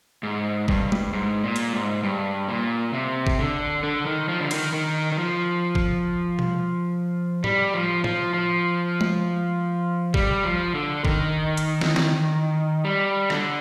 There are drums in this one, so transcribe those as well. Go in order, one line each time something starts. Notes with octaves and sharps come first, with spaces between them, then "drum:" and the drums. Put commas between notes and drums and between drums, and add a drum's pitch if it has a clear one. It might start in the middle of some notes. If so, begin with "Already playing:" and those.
G#2
G2, drum: kick
drum: tom G#3
G#2
A#2
drum: hi-hat
G#2
G2
A#2
C3
drum: kick
D3
D3
D#3
F3
D3
D#3, drum: cymbal
D#3
D#3
F3
drum: kick
drum: tom B2
G3, drum: tom A2
F3
F3, drum: tom A2
F3
drum: tom G#3
G3, drum: kick
F3
D3
D#3, drum: kick
drum: hi-hat
drum: snare
drum: snare
G3
D3, drum: rim click